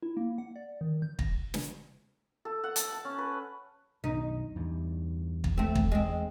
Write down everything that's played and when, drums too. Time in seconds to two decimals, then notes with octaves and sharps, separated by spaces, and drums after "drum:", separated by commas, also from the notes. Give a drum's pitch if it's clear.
0.03 E4
0.17 A#3
0.38 F#5
0.56 D5
0.81 D#3
1.02 G6
1.19 A#6, drum: kick
1.54 drum: snare
2.45 A4
2.64 F#5
2.76 A5, drum: hi-hat
2.92 A5
3.05 C#4
3.18 B4
4.04 B1 F#2 D#3 D#4
4.56 E2 G2
5.44 drum: kick
5.58 A3 C4
5.75 drum: kick
5.92 G#3 C4